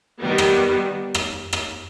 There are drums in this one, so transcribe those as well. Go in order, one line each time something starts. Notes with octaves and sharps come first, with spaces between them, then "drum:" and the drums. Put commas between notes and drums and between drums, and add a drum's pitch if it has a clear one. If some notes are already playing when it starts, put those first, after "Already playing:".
D#3 G3 B3
drum: rim click
drum: rim click
drum: rim click